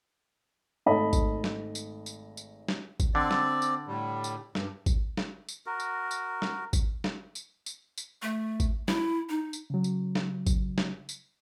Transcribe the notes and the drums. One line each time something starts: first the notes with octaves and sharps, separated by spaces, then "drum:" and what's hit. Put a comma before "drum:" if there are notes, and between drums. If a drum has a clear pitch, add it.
G#1 A3 D#5 A5 B5
drum: kick G#1, tambourine
drum: snare
drum: tambourine
drum: tambourine
drum: tambourine
drum: snare
drum: kick G#1, tambourine
D3 C4 D5
drum: snare
drum: tambourine
A2 G3
drum: tambourine
G2, drum: snare
drum: kick G#1, tambourine
drum: snare
drum: tambourine
F#4 A#4
drum: tambourine
drum: tambourine
drum: snare
drum: kick G#1, tambourine
drum: snare
drum: tambourine
drum: tambourine
drum: tambourine
A3
drum: kick G#1, tambourine
E4, drum: snare
D#4
drum: tambourine
C#3 F#3
drum: tambourine
drum: snare
drum: kick G#1, tambourine
drum: snare
drum: tambourine